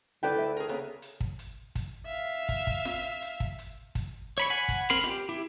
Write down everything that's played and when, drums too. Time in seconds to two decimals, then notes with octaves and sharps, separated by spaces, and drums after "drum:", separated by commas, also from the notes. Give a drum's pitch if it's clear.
0.23 D2 E4 A4 B4 D5 G5
0.38 E5
0.57 G#4 A#4
0.69 C#3 A#3 B3
1.02 drum: hi-hat
1.20 drum: kick
1.39 drum: hi-hat
1.75 drum: kick, hi-hat
2.06 E5 F5
2.49 drum: kick, hi-hat
2.67 drum: kick
2.85 drum: snare F4
3.22 drum: hi-hat
3.40 drum: kick
3.59 drum: hi-hat
3.95 drum: kick, hi-hat
4.38 C#5 B5 C#6
4.50 F#5 G#5 B5
4.69 drum: kick, hi-hat
4.90 C4 A#4 B5 C6
5.04 G4, drum: snare F4
5.29 E4 G4